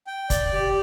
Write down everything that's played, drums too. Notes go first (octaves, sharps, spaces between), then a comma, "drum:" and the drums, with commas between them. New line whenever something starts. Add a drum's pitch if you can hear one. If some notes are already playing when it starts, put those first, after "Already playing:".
G5
D5, drum: kick, hi-hat
G4